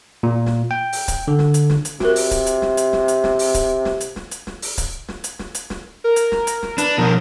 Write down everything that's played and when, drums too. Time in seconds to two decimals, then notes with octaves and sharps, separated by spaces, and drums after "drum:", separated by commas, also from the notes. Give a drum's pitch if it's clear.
0.23 A#2
0.46 drum: snare
0.71 G5
0.93 drum: open hi-hat
1.08 drum: kick C#1, hi-hat
1.28 D3
1.39 drum: snare
1.54 drum: hi-hat
1.70 drum: snare
1.85 drum: hi-hat
2.00 C3 F#4 A#4, drum: snare
2.16 drum: open hi-hat
2.31 drum: kick C#1, hi-hat
2.47 drum: hi-hat
2.62 drum: snare
2.77 drum: hi-hat
2.93 drum: snare
3.08 drum: hi-hat
3.24 drum: snare
3.39 drum: open hi-hat
3.54 drum: kick C#1, hi-hat
3.85 drum: snare
4.01 drum: hi-hat
4.16 drum: snare
4.31 drum: hi-hat
4.47 drum: snare
4.62 drum: open hi-hat
4.78 drum: kick C#1, hi-hat
5.08 drum: snare
5.24 drum: hi-hat
5.39 drum: snare
5.55 drum: hi-hat
5.70 drum: snare
6.04 A#4
6.16 drum: hi-hat
6.32 drum: snare
6.47 drum: hi-hat
6.63 drum: snare
6.78 D4 B4, drum: hi-hat
6.98 B2 F3 A#4